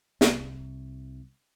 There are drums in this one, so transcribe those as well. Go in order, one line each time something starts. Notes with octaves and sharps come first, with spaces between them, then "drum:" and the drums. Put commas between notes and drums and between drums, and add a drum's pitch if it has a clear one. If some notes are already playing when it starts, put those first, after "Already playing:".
C2, drum: snare